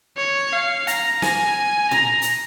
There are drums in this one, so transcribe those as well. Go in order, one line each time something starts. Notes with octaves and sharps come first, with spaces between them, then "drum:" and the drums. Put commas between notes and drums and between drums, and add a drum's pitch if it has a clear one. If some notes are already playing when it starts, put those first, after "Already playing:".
C#5
F5
A#5, drum: hi-hat
G#5, drum: snare
A#5, drum: tom A#2
drum: hi-hat